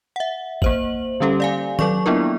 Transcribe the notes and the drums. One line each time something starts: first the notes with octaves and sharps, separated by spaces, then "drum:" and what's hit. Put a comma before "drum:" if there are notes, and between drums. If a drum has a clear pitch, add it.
E5 F#5
A#3 C5 F#7, drum: kick A1
D3 G3 C#4 G4 A4
D5 F5 G#5
F#3 A4 D5 C#6, drum: tom
A#3 B3 D4 E4 F4 A#4